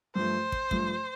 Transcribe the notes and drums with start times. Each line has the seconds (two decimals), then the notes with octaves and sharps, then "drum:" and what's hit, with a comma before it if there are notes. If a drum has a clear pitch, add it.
0.15 G2 F3 A3 C5
0.52 drum: kick
0.71 G2 F3 A3, drum: kick